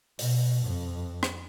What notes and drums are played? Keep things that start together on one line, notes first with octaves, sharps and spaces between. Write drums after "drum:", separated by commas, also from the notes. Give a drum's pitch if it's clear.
B2, drum: open hi-hat
F2
drum: rim click